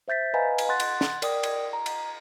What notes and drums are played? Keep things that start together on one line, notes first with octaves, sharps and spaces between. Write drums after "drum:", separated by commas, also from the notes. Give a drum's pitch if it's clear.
C5 E5 G6 A6 B6
B4 D#5 F5 G#5 A#5 B5
drum: cymbal
F#5 C6 F#6 A6
drum: cymbal
drum: snare
A#4 D5 G5 D#6, drum: cymbal
drum: cymbal
A#5
drum: cymbal